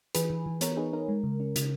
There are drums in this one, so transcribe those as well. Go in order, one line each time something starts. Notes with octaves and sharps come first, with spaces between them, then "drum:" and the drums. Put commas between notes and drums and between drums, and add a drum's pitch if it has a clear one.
E3 G#4 B4, drum: hi-hat
E3
E3
B3 A#4 C#5, drum: hi-hat
D#4 G#4 B4
D#4 A#4
G#3
C#3
C#4
C#3, drum: hi-hat